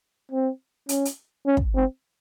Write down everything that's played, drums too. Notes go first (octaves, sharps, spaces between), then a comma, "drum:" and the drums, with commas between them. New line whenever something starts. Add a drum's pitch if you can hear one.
C4
C#4, drum: hi-hat
drum: hi-hat
C#4
drum: kick
C4